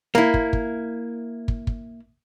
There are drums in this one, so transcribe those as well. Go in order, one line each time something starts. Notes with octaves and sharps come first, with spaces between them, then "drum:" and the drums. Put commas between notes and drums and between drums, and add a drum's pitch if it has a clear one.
A#3 E4
drum: kick
drum: kick
drum: kick
drum: kick